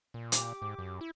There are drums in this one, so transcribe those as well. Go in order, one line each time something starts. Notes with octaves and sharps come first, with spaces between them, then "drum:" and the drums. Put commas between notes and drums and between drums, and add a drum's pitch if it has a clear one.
A#2
G4 D6, drum: hi-hat
G#2
F#2
E4